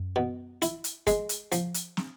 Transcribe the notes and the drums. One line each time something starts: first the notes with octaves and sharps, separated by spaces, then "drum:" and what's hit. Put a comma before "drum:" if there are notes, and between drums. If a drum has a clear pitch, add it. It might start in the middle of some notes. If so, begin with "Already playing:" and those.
Already playing: F#2
B2
E4, drum: hi-hat
drum: hi-hat
G#3, drum: kick, hi-hat
drum: hi-hat
F3, drum: hi-hat
drum: hi-hat
drum: snare